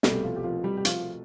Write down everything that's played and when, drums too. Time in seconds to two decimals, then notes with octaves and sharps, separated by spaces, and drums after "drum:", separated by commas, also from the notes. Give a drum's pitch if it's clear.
0.03 C2 B2 G3 A3 G4, drum: snare
0.23 F3 F4
0.36 G4
0.44 F3 F4
0.64 G3 G4
0.77 G4
0.85 F3 F4, drum: hi-hat